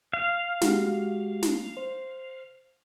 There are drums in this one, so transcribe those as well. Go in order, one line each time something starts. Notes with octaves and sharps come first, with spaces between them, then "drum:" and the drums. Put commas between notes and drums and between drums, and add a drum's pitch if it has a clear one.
F5
G#3 F#4 G4, drum: snare
drum: snare
C5